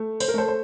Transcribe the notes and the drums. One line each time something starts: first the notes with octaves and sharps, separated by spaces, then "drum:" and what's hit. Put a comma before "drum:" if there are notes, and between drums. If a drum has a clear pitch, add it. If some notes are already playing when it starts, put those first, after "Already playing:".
Already playing: A3
C5, drum: open hi-hat
A#4
A3 A4 C5
C5